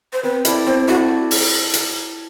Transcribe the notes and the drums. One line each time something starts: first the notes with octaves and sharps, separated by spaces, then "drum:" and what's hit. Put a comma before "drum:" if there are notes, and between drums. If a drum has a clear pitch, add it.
C5
C4 B4
E4 A4 D5, drum: hi-hat
C4 C5
E4 F#4 A4 D5
drum: open hi-hat
drum: hi-hat